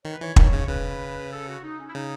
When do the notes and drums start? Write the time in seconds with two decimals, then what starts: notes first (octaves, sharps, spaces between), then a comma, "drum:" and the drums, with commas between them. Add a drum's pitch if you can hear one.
0.05 D#3 C#5
0.13 B4
0.21 E3 C#5
0.36 D#3, drum: kick
0.53 C#3
0.68 C#3 B4
1.32 A4
1.48 F#4
1.64 D#4
1.79 C#4
1.89 E4
1.95 C#3 D#4